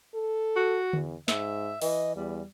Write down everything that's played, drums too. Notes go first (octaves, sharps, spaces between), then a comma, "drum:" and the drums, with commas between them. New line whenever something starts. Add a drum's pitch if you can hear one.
A4
F#4
E2, drum: tom D3
G#2 E5, drum: snare
E3 D#5, drum: open hi-hat
E2 G3